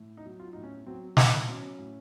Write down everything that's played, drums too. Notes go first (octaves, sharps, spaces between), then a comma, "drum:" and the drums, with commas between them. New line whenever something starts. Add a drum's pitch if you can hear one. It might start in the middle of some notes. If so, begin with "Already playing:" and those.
Already playing: A2
D#4
F#3
F4
A2 D#4
C#4
F#3 C4
A2 C4, drum: snare
F#3 C#4
A2